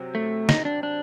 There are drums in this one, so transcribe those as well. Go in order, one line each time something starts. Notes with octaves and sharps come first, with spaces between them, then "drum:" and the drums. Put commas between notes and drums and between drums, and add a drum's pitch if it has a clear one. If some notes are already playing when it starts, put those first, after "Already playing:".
Already playing: C3 F#3 C4
A3
D#4, drum: snare
D4
D4